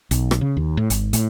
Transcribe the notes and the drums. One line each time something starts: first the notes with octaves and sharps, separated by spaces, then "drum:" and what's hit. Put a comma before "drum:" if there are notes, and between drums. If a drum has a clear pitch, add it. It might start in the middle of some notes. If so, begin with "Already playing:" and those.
B1, drum: hi-hat
drum: rim click
C#3
D#2
A2
G#1, drum: hi-hat
A2, drum: hi-hat